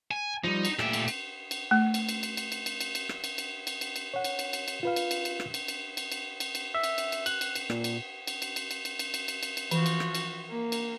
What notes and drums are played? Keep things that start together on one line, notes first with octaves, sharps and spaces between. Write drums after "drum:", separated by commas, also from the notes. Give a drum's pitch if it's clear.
G#5
F3 G3 D#4
drum: cymbal
A#2 A3 G4 E5, drum: rim click
drum: cymbal
drum: cymbal
drum: cymbal
A3
drum: cymbal
drum: cymbal
drum: cymbal
drum: cymbal
drum: cymbal
drum: cymbal
drum: cymbal
drum: cymbal
drum: rim click
drum: cymbal
drum: cymbal
drum: cymbal
drum: cymbal
drum: cymbal
C#5 F#5
drum: cymbal
drum: cymbal
drum: cymbal
drum: cymbal
F4 B4 F5
drum: cymbal
drum: cymbal
drum: cymbal
drum: rim click
drum: cymbal
drum: cymbal
drum: cymbal
drum: cymbal
drum: cymbal
drum: cymbal
E5
drum: cymbal
drum: cymbal
drum: cymbal
F#6, drum: cymbal
drum: cymbal
drum: cymbal
A#2, drum: rim click
drum: cymbal
drum: cymbal
drum: cymbal
drum: cymbal
drum: cymbal
drum: cymbal
drum: cymbal
drum: cymbal
drum: cymbal
drum: cymbal
drum: cymbal
E3 F3 F#4, drum: cymbal
drum: cymbal
drum: rim click
drum: cymbal
A#3
drum: cymbal